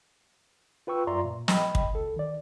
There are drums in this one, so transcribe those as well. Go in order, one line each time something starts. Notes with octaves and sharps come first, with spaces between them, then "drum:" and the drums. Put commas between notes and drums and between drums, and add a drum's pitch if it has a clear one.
F4 B4 G5 C#6 E6
F#2 F4 D5 E5 A#5 C6
A#2
D#5 G5 B5, drum: snare
drum: kick
C#2 A4
D#3 D5